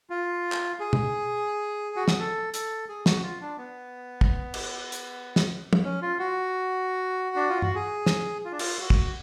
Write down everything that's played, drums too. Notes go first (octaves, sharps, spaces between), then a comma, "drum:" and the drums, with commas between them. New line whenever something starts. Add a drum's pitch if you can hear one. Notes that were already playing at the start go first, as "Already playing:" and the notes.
F4
drum: clap
G#4
drum: tom
F#4
G#4, drum: snare
A4
A4, drum: hi-hat
G#4
F#4, drum: snare
F4
D4
B3
drum: kick
drum: cymbal
drum: hi-hat
drum: snare
drum: tom
C#4
F4
F#4
D4
F4
F#4, drum: tom G2
G#4
drum: snare
F4
D4
F4, drum: cymbal
F#4
drum: kick